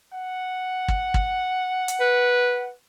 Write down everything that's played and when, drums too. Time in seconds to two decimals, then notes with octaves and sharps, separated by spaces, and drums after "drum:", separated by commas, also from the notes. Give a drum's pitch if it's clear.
0.13 F#5
0.88 drum: kick
1.14 drum: kick
1.88 drum: hi-hat
2.00 B4